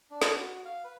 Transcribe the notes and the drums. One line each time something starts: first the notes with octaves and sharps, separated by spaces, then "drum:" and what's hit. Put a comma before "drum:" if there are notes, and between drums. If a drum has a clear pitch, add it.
D4
drum: snare
F#4
F5
B4